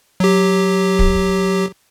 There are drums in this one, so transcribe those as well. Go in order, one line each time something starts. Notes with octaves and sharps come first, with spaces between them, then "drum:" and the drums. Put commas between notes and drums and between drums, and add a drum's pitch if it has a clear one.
F#3 G4
drum: kick